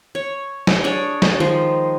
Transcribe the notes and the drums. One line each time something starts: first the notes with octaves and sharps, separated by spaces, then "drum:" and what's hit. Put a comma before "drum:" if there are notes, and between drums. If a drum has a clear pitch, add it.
C#5
drum: snare
D4 G#4 C#5 D5
drum: snare
D#3 F3 G#3 C5